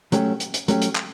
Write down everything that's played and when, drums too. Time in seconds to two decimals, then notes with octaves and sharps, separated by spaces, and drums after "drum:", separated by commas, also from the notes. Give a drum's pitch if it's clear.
0.12 F#3 A3 C#4 G4, drum: hi-hat
0.40 drum: hi-hat
0.54 drum: hi-hat
0.68 F#3 A3 C#4 G4, drum: hi-hat
0.82 drum: hi-hat
0.95 drum: clap